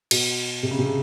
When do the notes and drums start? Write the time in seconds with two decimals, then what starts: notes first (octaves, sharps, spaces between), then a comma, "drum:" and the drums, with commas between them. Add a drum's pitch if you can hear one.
0.11 B2, drum: cymbal
0.63 C3
0.71 C#3
0.79 C3
0.86 C#3